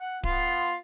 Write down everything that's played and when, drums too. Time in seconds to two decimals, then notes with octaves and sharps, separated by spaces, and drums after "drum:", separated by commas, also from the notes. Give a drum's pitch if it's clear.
0.01 F#5
0.23 B3 F4, drum: kick D1